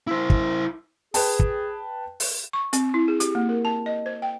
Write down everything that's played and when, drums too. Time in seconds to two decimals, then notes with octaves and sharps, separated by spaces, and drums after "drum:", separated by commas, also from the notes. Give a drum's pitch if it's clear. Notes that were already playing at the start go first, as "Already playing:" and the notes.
0.07 E4 C5
0.30 drum: kick
1.14 G#4 B4 G5 A5, drum: open hi-hat
1.39 drum: kick
2.20 drum: open hi-hat
2.53 C#6
2.73 C4, drum: hi-hat
2.94 E4
3.08 G#4
3.20 G4, drum: hi-hat
3.35 A#3
3.49 A#4
3.65 A5
3.86 D#5
4.06 C5
4.22 G5